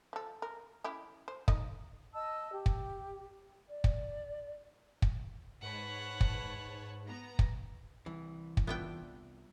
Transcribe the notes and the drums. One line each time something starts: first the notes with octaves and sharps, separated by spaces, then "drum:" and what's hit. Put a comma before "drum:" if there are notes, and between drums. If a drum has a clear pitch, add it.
F3 A4
A#4
C#4 E4 G4
C5
D#4 D#5, drum: kick
D#5 A5 E6
G4
drum: kick
D5
drum: kick
drum: kick
G#2 B4 C#5 F#5 A5 B5
drum: kick
B3 A#5
drum: kick
C2 E3
drum: kick
B3 D4 F4 E5 G5